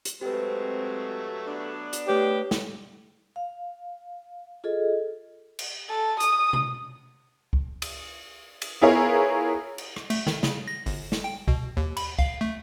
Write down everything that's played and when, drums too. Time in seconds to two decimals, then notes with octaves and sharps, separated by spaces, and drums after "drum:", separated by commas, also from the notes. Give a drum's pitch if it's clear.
0.05 drum: hi-hat
0.21 F#3 G#3 A3 C4 G4 B4
1.47 B3 D4
1.93 drum: hi-hat
2.08 A3 G4 B4 C#5
2.51 drum: snare
3.36 F5
4.64 F4 G#4 A4 D#5
5.59 drum: cymbal
5.89 A4
6.20 D#6, drum: hi-hat
6.53 drum: tom B2
7.53 drum: kick
7.82 drum: cymbal
8.62 drum: cymbal
8.81 B3 E4 F4 G#4 A#4 C#5
9.78 drum: cymbal
9.96 drum: rim click
10.10 A3, drum: cymbal
10.27 D#3, drum: snare
10.43 C#3, drum: snare
10.68 A#6
10.86 G1, drum: open hi-hat
11.12 drum: snare
11.24 G5
11.48 B2, drum: kick
11.77 D#2
11.97 B5, drum: cymbal
12.19 F5, drum: kick
12.41 A3